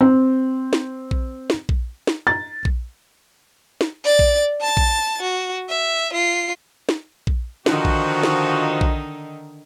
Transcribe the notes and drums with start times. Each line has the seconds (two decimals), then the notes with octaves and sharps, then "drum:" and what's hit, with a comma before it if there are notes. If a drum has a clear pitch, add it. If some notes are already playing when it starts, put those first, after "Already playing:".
0.01 C4
0.73 drum: snare
1.11 drum: kick A#1
1.50 drum: snare
1.69 drum: kick A#1
2.07 drum: snare
2.27 A6
2.65 drum: kick A#1
3.81 drum: snare
4.04 D5 A6
4.19 drum: kick A#1
4.61 A5 A6
4.77 drum: kick A#1
5.22 F#4
5.69 E5
6.13 F4 C7
6.89 drum: snare
7.27 drum: kick A#1
7.66 D3 D#3 F3 D#4 F#4, drum: snare
7.85 drum: kick A#1
8.23 drum: snare
8.81 drum: kick A#1